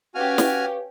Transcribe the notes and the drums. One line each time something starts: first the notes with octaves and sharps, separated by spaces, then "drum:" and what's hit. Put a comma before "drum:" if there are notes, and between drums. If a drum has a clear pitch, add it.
C#4 F#4 G4 B4 F5 G#5 F6
drum: snare